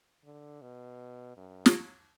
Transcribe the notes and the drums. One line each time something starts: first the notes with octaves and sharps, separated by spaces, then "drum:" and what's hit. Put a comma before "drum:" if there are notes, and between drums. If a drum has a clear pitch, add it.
D3
B2
F#2
drum: snare